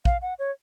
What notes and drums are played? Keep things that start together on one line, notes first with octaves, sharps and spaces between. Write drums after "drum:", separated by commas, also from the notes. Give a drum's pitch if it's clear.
F5, drum: kick
F#5
C#5